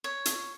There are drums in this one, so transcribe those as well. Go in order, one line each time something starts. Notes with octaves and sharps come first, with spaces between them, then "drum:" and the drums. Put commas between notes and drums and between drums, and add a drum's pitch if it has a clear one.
C#5
drum: hi-hat